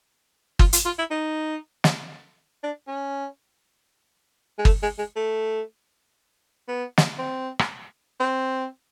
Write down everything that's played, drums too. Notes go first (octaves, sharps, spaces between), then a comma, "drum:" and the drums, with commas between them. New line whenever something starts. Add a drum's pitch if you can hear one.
F4, drum: kick G1
F4, drum: hi-hat
F4
E4
D#4
drum: snare
D4
C#4
G#3
A3, drum: kick G1
G#3
G#3
A3
B3
drum: snare
C4
drum: rim click
C4